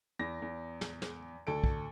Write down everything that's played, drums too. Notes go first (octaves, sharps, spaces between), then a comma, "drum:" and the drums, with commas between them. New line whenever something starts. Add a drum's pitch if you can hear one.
E2 A#6
E2
drum: snare
drum: snare
D2 A4 D7
drum: kick